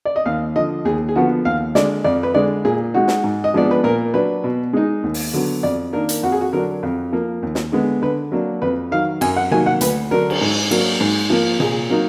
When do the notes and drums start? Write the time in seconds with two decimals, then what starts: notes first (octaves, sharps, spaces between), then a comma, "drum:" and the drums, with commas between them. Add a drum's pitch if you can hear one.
0.05 D5
0.16 D#5
0.26 D#2 F5
0.56 D3 F3 D#5
0.85 D#2 G#4
1.08 G#4
1.15 D3 F3 B3 F#4
1.45 D#2 F5
1.75 D3 G#3 D5, drum: snare
2.04 F2 D5
2.23 B4
2.35 D3 G#3 D5
2.65 A#2 G#4
2.94 G#3 D#4 F#4
3.08 drum: snare
3.24 G#2
3.44 D#5
3.54 F3 G#3 B3 D4 D5
3.71 B4
3.84 A#2 A#4
4.14 F#3 D4 B4
4.44 B2
4.73 G#3 D#4
5.03 D#2
5.14 drum: open hi-hat
5.33 D3 F#3 B3
5.63 F2 D5
5.93 D#3 A#3 D4 A#4
6.09 drum: hi-hat
6.23 F2 F#4
6.32 G#4
6.41 F#4
6.52 D3 F#3 D4 A#4
6.83 F2
7.13 F3 A#3
7.42 D#2
7.55 drum: snare
7.72 D3 G#3 B3
8.02 D3 B4
8.32 F#3 A#3 D4
8.62 F2 B4
8.91 D#3 F#3 F5
9.21 F#2 G#5, drum: cymbal
9.36 F#5
9.51 D#3 F#3 A#3 G#5, drum: tom C3
9.66 F#5
9.81 D2 B4, drum: hi-hat
10.11 D3 F#3 D4 A#4
10.30 drum: cymbal
10.41 G#2
10.71 F#3 A#3 D4, drum: cymbal
11.01 G#2
11.30 F3 A#3
11.60 A#2 G#4, drum: tom C3
11.90 F#3 A#3 D#4